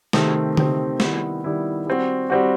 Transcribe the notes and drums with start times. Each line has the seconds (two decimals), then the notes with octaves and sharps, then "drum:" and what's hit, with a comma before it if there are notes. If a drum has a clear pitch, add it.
0.13 C3 D#3 A3 C4, drum: snare
0.57 C3 D#3 A3 C4, drum: tom D3
1.00 D#3 G3 B3 E4, drum: snare
1.44 D#3 G3 B3 E4
1.87 G3 C4 F#4
2.30 G3 C4 F#4